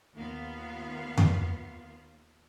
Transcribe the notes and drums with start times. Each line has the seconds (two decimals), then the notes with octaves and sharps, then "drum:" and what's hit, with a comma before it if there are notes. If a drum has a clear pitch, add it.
0.16 D#2 A#3 B3 F4 F5
1.18 drum: tom F2